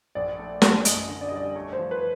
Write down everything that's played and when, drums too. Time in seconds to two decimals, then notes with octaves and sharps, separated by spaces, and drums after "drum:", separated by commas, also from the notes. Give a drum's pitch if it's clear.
0.15 A#1 D5
0.39 A3
0.62 A3, drum: snare
0.85 F#2 D#5, drum: hi-hat
1.09 D3
1.21 D5
1.29 D#5
1.32 G3 D5
1.56 A3 C#5
1.73 C5
1.79 F3
1.91 B4